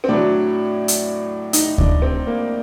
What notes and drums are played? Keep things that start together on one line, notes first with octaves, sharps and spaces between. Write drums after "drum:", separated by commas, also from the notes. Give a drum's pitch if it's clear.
C4
A2 F#3 D4
drum: hi-hat
D#4, drum: hi-hat
D4, drum: kick D2
C4
A#3